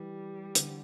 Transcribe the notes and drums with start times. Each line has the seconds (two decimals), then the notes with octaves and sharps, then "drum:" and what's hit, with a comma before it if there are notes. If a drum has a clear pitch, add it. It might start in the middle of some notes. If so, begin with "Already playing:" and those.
Already playing: E3 G3
0.55 D3, drum: hi-hat